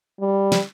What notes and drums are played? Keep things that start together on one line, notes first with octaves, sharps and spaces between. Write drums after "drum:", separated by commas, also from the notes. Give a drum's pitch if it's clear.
G3
drum: snare